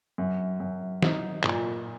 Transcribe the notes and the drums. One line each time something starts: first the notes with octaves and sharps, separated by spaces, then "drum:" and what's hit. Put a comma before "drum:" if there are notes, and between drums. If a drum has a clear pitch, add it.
F#2
F#2
D#4, drum: snare
A#2, drum: clap